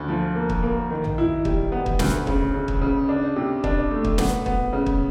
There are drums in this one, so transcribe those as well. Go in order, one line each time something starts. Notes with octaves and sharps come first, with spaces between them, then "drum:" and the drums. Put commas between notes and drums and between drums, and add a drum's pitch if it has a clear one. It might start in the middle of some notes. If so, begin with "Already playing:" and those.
Already playing: D2
F3
A#3
drum: kick
A#3
D#3
drum: tom A1
E4
G3, drum: kick
B3
drum: kick
D2, drum: snare
C#3, drum: kick
C#3
drum: kick
C#3
D4
C3
D4, drum: kick
A3
drum: kick
B3, drum: snare
B3, drum: kick
C#3
drum: kick